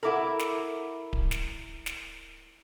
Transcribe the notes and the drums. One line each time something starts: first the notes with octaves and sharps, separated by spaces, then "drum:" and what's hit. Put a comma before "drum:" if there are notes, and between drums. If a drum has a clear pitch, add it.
E4 A4 A#4 F#5 B5 D6
drum: snare
drum: kick D1
drum: snare
drum: snare